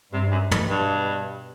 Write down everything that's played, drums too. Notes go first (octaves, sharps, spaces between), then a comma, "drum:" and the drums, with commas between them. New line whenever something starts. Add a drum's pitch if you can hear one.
G2 C3
F#2
B2, drum: tom
G2